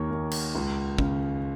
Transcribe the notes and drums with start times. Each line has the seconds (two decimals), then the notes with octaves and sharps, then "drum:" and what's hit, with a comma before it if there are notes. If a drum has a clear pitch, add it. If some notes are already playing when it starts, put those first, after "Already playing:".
Already playing: D#2 D#3 A#4 C#5
0.11 D#2
0.31 drum: cymbal
0.55 C#2
0.98 C#3, drum: kick